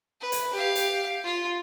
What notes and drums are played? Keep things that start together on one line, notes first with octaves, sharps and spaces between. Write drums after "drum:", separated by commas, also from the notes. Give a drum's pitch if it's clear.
B4
drum: hi-hat
G4 F5
drum: hi-hat
F4